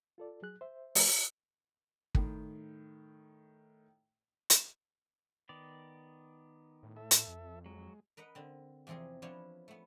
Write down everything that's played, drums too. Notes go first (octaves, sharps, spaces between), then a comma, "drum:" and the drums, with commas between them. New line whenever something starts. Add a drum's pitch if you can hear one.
F4 A4 D5
F#3 G#4 F#6
C5 E5
F3 A3 F#4 E5, drum: open hi-hat
A2 D#3, drum: kick
drum: hi-hat
D#3 B3 D5
A2
A4 E5
drum: hi-hat
F2
F#3 G#3
A#4 B4 D#5 F#5
D3 C4
E2 C3 F3 C4 G#4
F3 B3 D4 E4 F4 C#5
A3 B3